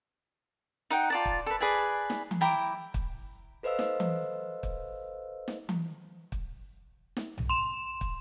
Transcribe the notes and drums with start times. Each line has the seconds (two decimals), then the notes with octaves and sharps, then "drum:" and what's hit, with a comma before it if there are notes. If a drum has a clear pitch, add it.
0.90 D#4 F#5 G5
1.10 F4 D5 A5
1.25 drum: kick
1.46 A4 B4
1.60 G#4 B4 D5 G#5
2.10 drum: snare
2.31 drum: tom E3
2.41 E4 G5 A#5 D6
2.94 drum: kick
3.63 A4 B4 C5 D#5 F5 E6
3.79 drum: snare
4.00 drum: tom E3
4.63 drum: kick
5.48 drum: snare
5.69 drum: tom E3
6.32 drum: kick
7.17 drum: snare
7.38 drum: tom B1
7.49 C6 E7
8.01 drum: kick